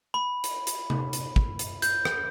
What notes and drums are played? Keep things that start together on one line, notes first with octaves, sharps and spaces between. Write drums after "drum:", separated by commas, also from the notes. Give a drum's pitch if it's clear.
B5
drum: hi-hat
drum: hi-hat
drum: tom C3
drum: hi-hat
drum: kick
drum: hi-hat
G6, drum: hi-hat
drum: rim click